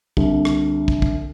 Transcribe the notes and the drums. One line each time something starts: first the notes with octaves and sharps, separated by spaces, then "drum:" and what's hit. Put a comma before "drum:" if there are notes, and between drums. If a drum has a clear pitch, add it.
C2 D3, drum: kick
drum: rim click
drum: kick
drum: kick